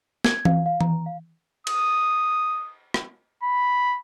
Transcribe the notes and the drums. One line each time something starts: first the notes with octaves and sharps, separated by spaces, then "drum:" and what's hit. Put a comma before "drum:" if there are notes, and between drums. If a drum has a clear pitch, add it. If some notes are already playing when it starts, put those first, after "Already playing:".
G#6, drum: snare
F5, drum: tom E3
F5
A#5, drum: tom E3
F5
D#6, drum: cymbal
drum: rim click
B5